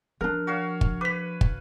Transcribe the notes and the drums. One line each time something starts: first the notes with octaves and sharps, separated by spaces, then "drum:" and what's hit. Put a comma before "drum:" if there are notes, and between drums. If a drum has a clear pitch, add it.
F3 D4 A#4
F#4 C#5 F5
drum: kick
B4 D6 B6
drum: kick